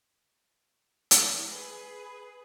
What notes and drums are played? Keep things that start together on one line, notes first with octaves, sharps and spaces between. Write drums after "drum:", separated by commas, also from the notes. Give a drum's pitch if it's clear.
drum: hi-hat
G#4 B4